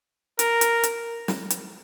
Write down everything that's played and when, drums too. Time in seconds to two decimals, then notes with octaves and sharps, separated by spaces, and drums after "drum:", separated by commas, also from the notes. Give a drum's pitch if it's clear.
0.39 A#4, drum: hi-hat
0.61 drum: hi-hat
0.83 drum: hi-hat
1.28 drum: snare
1.50 drum: hi-hat